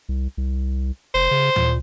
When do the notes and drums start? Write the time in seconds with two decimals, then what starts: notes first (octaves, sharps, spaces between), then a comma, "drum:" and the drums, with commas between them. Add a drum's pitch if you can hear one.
0.09 C2
0.37 C2
1.14 F1 C5
1.31 C#3
1.56 A#2, drum: tom D2